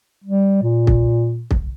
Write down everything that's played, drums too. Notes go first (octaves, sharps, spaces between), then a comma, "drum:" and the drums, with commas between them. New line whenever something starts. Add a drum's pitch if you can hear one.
G3
A#2
drum: kick
drum: kick